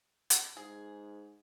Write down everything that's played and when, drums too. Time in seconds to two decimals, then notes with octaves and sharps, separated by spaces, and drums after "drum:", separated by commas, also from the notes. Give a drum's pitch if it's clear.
0.30 drum: hi-hat
0.57 G#2 G#4